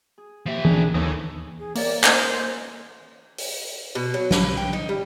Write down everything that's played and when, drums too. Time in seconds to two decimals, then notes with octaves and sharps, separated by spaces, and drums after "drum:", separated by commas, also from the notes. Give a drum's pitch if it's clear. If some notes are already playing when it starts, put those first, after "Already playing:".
0.18 G#4
0.46 F3 A#3 G4 E5
0.65 D4 G#4, drum: tom E3
0.94 D#2 E3 A4 C#5 D#6
1.59 G#4
1.75 A#3 D5, drum: open hi-hat
2.04 C5, drum: clap
3.38 drum: open hi-hat
3.95 B2
4.14 F#3
4.31 B4, drum: snare
4.57 G5
4.73 D#4
4.89 G3